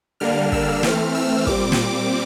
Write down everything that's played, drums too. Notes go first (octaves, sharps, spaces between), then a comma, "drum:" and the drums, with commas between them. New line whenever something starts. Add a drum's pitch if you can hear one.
D3 G3 A#3 D4 F6
E6, drum: kick
E3 A3 C4 F6, drum: snare
E6
A#2 G3 C4 D6, drum: kick
drum: snare